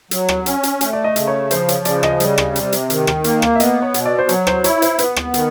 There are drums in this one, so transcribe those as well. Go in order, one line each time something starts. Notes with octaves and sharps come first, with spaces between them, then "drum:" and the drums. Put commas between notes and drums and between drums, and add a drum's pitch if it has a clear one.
F#3, drum: hi-hat
drum: rim click
C#4, drum: hi-hat
drum: hi-hat
A3, drum: hi-hat
D5
D#5
C#3, drum: hi-hat
C#5
F3 C5, drum: hi-hat
C#5, drum: hi-hat
C#3 D5, drum: hi-hat
D#5, drum: rim click
G3, drum: hi-hat
drum: rim click
C3, drum: hi-hat
drum: hi-hat
D#3, drum: hi-hat
drum: rim click
A#3, drum: hi-hat
drum: rim click
E5
B3 D#5, drum: hi-hat
C#5
B2, drum: hi-hat
D5
C5
F#3 C#5, drum: hi-hat
C5, drum: rim click
E4 C#5, drum: hi-hat
C5, drum: hi-hat
B3 B4, drum: hi-hat
drum: rim click
D#3, drum: hi-hat